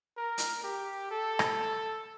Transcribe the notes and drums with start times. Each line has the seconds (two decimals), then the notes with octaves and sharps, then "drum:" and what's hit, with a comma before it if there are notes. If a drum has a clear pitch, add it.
0.17 A#4
0.38 drum: hi-hat
0.64 G4
1.11 A4
1.39 drum: rim click